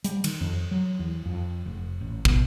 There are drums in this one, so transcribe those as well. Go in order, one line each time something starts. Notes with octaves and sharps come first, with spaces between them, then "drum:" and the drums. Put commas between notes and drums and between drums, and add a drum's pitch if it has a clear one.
G3, drum: hi-hat
D#3, drum: cymbal
F2
F#3
E2
F2
F1
A1
B2, drum: kick